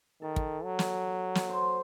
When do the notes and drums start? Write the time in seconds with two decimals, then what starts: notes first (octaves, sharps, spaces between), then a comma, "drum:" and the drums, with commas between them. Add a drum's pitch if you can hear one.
0.22 D#3 A4
0.36 drum: kick
0.64 F#3
0.79 drum: snare
1.35 drum: snare
1.49 C5